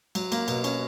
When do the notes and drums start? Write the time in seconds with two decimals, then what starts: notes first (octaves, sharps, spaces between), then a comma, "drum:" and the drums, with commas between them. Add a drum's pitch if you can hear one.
0.15 F#3, drum: cymbal
0.32 A#3, drum: cymbal
0.48 B2, drum: cymbal
0.64 C#4, drum: cymbal